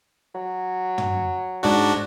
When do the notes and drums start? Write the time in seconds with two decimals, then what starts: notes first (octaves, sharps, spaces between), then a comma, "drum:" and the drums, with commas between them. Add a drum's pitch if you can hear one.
0.35 F#3
0.98 drum: tom
1.63 G#2 D4 F#4